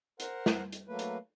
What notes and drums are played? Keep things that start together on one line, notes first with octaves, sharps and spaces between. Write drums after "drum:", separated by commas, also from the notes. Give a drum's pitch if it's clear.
A#4 C5 F#5, drum: hi-hat
drum: snare
drum: hi-hat
F#3 A3 A#3 B4
drum: hi-hat